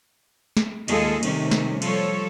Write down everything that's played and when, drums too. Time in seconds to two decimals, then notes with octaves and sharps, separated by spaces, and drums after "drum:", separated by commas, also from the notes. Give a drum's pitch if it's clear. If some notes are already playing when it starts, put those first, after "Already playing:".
0.57 drum: snare
0.88 D#2 G#3 F4 G#4 A4 D#5, drum: cymbal
1.23 C3 D#3 G3 A3 C#4, drum: cymbal
1.51 drum: snare
1.82 F3 G3 A4 C#5, drum: cymbal